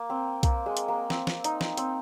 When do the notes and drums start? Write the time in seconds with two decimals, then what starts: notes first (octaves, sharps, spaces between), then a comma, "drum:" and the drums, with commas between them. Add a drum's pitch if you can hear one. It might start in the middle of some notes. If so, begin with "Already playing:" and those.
Already playing: A#3
0.10 C4
0.43 A#3, drum: kick B1, hi-hat
0.66 G#3
0.77 drum: hi-hat
0.88 A#3
1.10 C4, drum: snare
1.27 drum: snare
1.44 D#4, drum: hi-hat
1.61 drum: snare
1.77 C4, drum: hi-hat